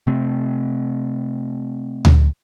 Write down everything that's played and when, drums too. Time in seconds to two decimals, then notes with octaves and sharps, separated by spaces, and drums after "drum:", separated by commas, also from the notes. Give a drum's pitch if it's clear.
0.07 C3 A3 C4
2.05 drum: tom D2